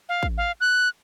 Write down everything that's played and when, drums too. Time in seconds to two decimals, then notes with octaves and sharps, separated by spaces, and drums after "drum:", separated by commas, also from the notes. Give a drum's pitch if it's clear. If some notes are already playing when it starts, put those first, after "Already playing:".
0.09 F5
0.23 drum: kick
0.38 F5
0.61 F#6